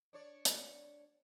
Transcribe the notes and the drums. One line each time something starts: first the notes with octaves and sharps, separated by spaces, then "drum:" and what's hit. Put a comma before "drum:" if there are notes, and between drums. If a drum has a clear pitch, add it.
D4 C#5 D5
drum: hi-hat